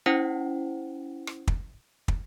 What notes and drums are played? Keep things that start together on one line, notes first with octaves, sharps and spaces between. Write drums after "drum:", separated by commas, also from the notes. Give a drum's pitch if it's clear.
C#4 E4 C5 F#5 G5
drum: rim click
drum: kick
drum: kick